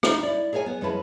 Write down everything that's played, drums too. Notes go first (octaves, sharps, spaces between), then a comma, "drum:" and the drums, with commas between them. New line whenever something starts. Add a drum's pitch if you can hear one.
D#4 E4 D#5, drum: rim click
E4 D5
G#4 A#4 C#5 E5 G#5
B3
F2 G#3 C#4 E4 B4 A5